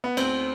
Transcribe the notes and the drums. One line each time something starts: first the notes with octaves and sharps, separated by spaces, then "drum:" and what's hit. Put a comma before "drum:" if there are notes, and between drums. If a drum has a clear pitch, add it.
B3
D2 C4, drum: cymbal